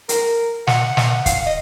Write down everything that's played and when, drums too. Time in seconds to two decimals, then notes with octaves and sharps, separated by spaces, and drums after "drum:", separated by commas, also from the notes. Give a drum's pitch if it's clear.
0.09 A#4, drum: hi-hat
0.67 F#5, drum: snare
0.97 drum: snare
1.26 F5, drum: kick, hi-hat
1.46 D#5